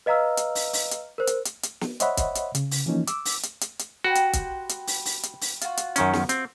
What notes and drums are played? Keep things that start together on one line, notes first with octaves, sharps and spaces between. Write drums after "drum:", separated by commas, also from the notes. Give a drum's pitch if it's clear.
B4 D#5 F5 A#5 E6 F6
drum: hi-hat
drum: open hi-hat
drum: open hi-hat
drum: hi-hat
A#4 C5
drum: hi-hat
drum: hi-hat
drum: hi-hat
drum: snare
C5 C#5 D#5 E5 F#5 B5, drum: hi-hat
drum: kick, hi-hat
drum: hi-hat
C#3, drum: hi-hat
drum: open hi-hat
E3 F3 A#3 C#4 D#4
D6 E6, drum: hi-hat
drum: open hi-hat
drum: hi-hat
drum: hi-hat
drum: hi-hat
F#4 G4 B4 C5
drum: hi-hat
drum: kick, hi-hat
drum: hi-hat
drum: open hi-hat
drum: open hi-hat
drum: hi-hat
drum: open hi-hat
F4 F#4, drum: hi-hat
drum: hi-hat
F#2 D#3 C#4, drum: hi-hat
drum: snare
C4, drum: hi-hat